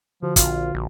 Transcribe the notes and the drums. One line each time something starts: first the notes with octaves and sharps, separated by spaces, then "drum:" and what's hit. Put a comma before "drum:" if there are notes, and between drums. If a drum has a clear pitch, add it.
D3 F3 F#4
A#1 F4, drum: kick, hi-hat
A#1